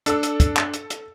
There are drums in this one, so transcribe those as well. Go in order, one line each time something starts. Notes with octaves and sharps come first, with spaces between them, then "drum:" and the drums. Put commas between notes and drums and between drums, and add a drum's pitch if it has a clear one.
D4 A4 E6, drum: hi-hat
drum: hi-hat
drum: kick, hi-hat
drum: clap
drum: hi-hat
drum: hi-hat